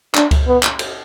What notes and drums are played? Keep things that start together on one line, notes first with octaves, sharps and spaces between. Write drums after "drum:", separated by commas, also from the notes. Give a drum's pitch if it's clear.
D4, drum: clap
drum: kick C#2, cymbal
B3
drum: clap
drum: cymbal